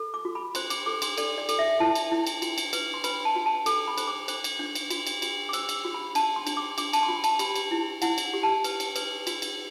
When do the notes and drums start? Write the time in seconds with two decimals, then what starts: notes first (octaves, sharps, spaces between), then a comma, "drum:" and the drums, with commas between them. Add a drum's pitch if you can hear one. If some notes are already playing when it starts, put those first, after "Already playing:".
Already playing: A4
0.14 D6
0.25 F#4
0.35 B5
0.55 C5 C6, drum: cymbal
0.70 D6, drum: cymbal
0.86 A4 D6
1.02 C6, drum: cymbal
1.18 A4 D5, drum: cymbal
1.38 D5
1.49 A4, drum: cymbal
1.59 E5
1.80 E4 A5
1.95 drum: cymbal
2.12 E4
2.27 drum: cymbal
2.42 F#4, drum: cymbal
2.58 drum: cymbal
2.73 B4, drum: cymbal
2.94 C6
3.04 B4 B5, drum: cymbal
3.25 A5
3.36 F#4
3.46 A5
3.66 A4, drum: cymbal
3.88 B5
3.98 C5, drum: cymbal
4.07 D6
4.28 C5, drum: cymbal
4.44 drum: cymbal
4.59 D4
4.75 drum: cymbal
4.90 F#4, drum: cymbal
5.07 drum: cymbal
5.22 F#4, drum: cymbal
5.49 D6
5.53 C5 E6, drum: cymbal
5.69 drum: cymbal
5.85 F#4
5.94 B5
6.15 D4 A5, drum: cymbal
6.36 C6
6.47 D4, drum: cymbal
6.57 D6
6.78 D4 D6, drum: cymbal
6.93 A5, drum: cymbal
7.03 C6
7.08 F#4 B5
7.24 A5, drum: cymbal
7.39 G4 B5, drum: cymbal
7.55 drum: cymbal
7.71 E4
8.02 E4 F#5, drum: cymbal
8.18 drum: cymbal
8.34 G4
8.43 A5
8.64 B4, drum: cymbal
8.80 drum: cymbal
8.96 B4, drum: cymbal
9.27 F#4, drum: cymbal
9.42 drum: cymbal